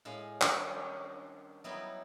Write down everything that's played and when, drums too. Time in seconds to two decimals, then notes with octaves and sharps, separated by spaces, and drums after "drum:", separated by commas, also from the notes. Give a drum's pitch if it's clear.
0.05 A2 G#3 F5
0.41 D#3 G3 C#4 D4 F5, drum: clap
1.64 F#3 G3 B3 D#4 E4 F#4